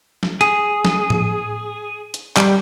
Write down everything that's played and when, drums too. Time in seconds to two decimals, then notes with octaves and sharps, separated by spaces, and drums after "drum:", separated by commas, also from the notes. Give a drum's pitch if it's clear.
0.23 drum: snare
0.41 G#4, drum: hi-hat
0.85 drum: snare
1.10 drum: tom A2
2.14 drum: hi-hat
2.37 G3, drum: clap